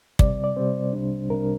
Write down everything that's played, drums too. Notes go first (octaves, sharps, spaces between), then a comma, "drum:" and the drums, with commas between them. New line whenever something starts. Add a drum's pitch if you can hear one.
C3 G3 C4 D5, drum: kick
D5
C3 G3 C4 C5
C2 C3 G3 D4
C2 C3 G3 D4 A#4